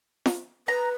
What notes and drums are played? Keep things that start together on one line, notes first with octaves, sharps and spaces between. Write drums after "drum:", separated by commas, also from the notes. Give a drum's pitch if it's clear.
drum: snare
B4 A#5